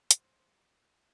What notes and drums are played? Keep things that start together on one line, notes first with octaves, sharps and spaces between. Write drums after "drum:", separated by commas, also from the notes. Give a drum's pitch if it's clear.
drum: hi-hat
C5